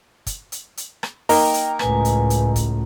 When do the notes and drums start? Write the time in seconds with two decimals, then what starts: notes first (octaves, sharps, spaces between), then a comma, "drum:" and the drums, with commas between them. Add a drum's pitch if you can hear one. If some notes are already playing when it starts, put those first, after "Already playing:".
0.27 drum: kick, hi-hat
0.52 drum: hi-hat
0.77 drum: hi-hat
1.03 drum: rim click
1.29 A#3 D#4 A#4 G5 A#5, drum: open hi-hat
1.54 drum: hi-hat
1.79 C#2 A2 B4 G#5, drum: rim click
2.05 drum: hi-hat
2.30 drum: hi-hat
2.56 drum: kick, hi-hat